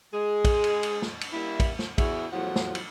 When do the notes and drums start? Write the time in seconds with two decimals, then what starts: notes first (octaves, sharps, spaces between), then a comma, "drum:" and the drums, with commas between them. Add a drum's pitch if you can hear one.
0.13 G#3 G#4
0.45 drum: kick, cymbal
0.64 drum: cymbal
0.83 drum: cymbal
1.02 drum: snare
1.21 drum: cymbal
1.33 G3 A#3 E4
1.60 drum: kick, cymbal
1.79 drum: snare
1.98 E2 E3 F#4 G#4 E5, drum: kick, cymbal
2.32 E2 A2 F3 F#3 F#5
2.56 drum: snare
2.75 drum: cymbal